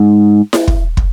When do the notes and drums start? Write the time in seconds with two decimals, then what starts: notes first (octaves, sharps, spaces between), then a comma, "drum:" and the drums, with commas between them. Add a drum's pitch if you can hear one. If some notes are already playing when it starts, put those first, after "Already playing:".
Already playing: G#2
0.53 drum: snare E4
0.68 drum: kick
0.97 drum: kick